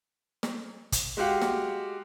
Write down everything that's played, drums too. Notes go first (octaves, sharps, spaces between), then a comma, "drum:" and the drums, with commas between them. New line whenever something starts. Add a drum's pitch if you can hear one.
drum: snare
drum: kick, hi-hat
G#3 F#4 G4 F5 F#5
drum: snare